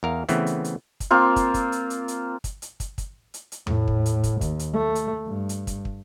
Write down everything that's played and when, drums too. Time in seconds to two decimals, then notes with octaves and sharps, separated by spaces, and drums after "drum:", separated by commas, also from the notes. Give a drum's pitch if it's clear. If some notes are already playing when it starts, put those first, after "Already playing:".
0.03 E2 A#4 F5
0.29 C#3 E3 A3 B3 C4, drum: hi-hat
0.47 drum: hi-hat
0.64 drum: hi-hat
1.00 drum: kick, hi-hat
1.11 A#3 C4 F4
1.36 drum: kick, hi-hat
1.54 drum: kick, hi-hat
1.72 drum: hi-hat
1.90 drum: hi-hat
2.08 drum: hi-hat
2.44 drum: kick, hi-hat
2.62 drum: hi-hat
2.80 drum: kick, hi-hat
2.98 drum: kick, hi-hat
3.34 drum: hi-hat
3.52 drum: hi-hat
3.67 A2, drum: tom E2
3.88 drum: kick
4.06 drum: hi-hat
4.24 drum: kick, hi-hat
4.41 D#2, drum: kick, hi-hat
4.59 drum: hi-hat
4.74 A3
4.95 drum: hi-hat
5.27 G2
5.49 drum: hi-hat
5.67 drum: kick, hi-hat
5.85 drum: kick